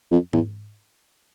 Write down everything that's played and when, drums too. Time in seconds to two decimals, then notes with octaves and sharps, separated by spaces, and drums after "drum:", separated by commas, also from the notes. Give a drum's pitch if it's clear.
0.11 F2
0.33 E2, drum: tom G#2